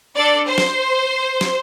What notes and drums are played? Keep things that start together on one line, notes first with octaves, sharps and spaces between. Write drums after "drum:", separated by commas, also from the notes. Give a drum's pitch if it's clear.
D4 A4 D5
C5
drum: snare
drum: snare